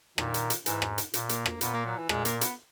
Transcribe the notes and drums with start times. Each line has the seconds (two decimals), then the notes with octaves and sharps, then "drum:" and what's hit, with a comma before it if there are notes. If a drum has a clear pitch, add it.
0.18 A#2 D#3, drum: rim click
0.34 drum: hi-hat
0.50 drum: hi-hat
0.66 G#2 E3, drum: hi-hat
0.82 drum: rim click
0.98 drum: hi-hat
1.14 A#2, drum: hi-hat
1.29 A#3, drum: hi-hat
1.46 A#3, drum: rim click
1.61 A#2 B3, drum: hi-hat
1.74 A#3
1.86 F#3
1.97 E3
2.09 A#2 G#3, drum: rim click
2.25 A#3, drum: hi-hat
2.41 B3, drum: hi-hat